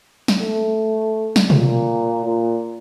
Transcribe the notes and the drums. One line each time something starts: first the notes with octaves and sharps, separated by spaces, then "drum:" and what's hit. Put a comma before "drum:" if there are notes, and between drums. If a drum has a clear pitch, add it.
drum: snare
A3
drum: snare
A#2, drum: tom B2
A#2